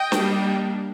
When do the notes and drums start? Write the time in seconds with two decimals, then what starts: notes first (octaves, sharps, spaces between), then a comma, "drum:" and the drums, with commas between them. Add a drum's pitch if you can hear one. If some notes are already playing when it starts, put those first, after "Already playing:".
Already playing: D#5 G5
0.12 G3 A#3 D4, drum: snare